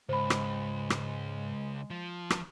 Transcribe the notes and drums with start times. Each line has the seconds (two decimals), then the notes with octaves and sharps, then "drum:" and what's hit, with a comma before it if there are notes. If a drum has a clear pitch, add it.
0.09 C#2 G#2 G#3 C5 B5
0.30 drum: rim click
0.90 drum: rim click
1.90 F3
2.30 drum: rim click